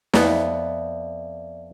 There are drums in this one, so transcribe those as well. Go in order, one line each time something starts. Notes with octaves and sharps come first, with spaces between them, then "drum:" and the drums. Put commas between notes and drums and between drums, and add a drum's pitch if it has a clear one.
F2 B3 D5 E5, drum: snare